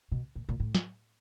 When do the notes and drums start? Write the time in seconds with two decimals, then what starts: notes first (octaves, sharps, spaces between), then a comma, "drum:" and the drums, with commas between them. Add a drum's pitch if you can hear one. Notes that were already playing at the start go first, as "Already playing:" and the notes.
0.12 B2
0.36 A#2
0.49 A#2
0.60 A2
0.75 drum: snare